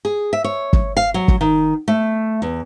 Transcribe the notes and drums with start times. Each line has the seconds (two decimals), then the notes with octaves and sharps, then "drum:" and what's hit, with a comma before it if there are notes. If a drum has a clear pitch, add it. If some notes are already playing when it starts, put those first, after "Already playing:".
0.05 G#4
0.33 E5
0.44 C#5
0.73 drum: kick
0.97 F5
1.14 F#3
1.28 drum: kick
1.41 D#3
1.88 A3
2.42 E2